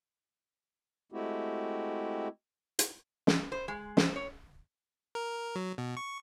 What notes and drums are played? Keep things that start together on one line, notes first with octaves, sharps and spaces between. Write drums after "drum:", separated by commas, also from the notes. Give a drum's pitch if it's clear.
G#3 A3 C4 E4 F#4 G4
drum: hi-hat
drum: snare
C5
G#3
C5, drum: snare
C#5
A#4
F#3
B2
C#6